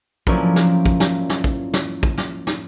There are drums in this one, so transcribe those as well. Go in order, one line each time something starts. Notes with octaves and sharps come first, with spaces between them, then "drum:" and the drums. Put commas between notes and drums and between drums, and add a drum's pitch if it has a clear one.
F3 F#3 A#3 C#4 E4 D5, drum: kick
drum: snare
drum: kick
drum: snare
drum: snare
drum: kick
drum: snare
drum: kick
drum: snare
drum: snare